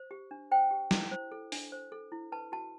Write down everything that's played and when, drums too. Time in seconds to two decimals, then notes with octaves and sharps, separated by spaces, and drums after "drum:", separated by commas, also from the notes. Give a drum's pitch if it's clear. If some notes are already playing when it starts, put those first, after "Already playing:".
Already playing: C5
0.11 G4
0.31 D4
0.51 C5 G5
0.71 G4
0.91 E4, drum: snare
1.11 C5
1.32 A4
1.52 D4, drum: open hi-hat
1.72 C5
1.92 A4
2.12 E4
2.32 B4 A5
2.52 F#4 A5